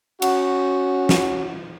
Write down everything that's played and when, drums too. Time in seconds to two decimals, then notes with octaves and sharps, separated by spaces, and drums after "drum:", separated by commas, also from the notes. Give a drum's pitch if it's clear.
0.22 C#4 F#4, drum: cymbal
1.09 drum: snare